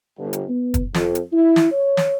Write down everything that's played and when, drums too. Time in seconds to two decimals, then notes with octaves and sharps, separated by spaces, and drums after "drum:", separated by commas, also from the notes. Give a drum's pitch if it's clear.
0.18 G1
0.33 drum: hi-hat
0.49 B3
0.74 drum: kick, hi-hat
0.94 F2, drum: snare
1.15 drum: hi-hat
1.33 E4
1.56 drum: snare
1.72 C#5
1.97 drum: snare